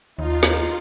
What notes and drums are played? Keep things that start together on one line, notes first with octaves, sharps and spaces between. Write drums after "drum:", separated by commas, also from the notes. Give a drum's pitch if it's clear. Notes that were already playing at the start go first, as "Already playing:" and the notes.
D#2 D#4 F4
drum: snare